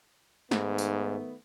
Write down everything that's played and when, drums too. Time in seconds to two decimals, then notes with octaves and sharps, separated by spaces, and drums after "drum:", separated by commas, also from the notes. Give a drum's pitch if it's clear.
0.51 G#2 D#3 A3 B3, drum: snare
0.78 drum: tambourine